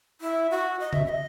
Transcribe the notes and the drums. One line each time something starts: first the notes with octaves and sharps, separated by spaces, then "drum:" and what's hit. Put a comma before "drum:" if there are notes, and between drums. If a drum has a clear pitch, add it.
E4
F#4
D#5
E5, drum: tom C#3
E5
D#5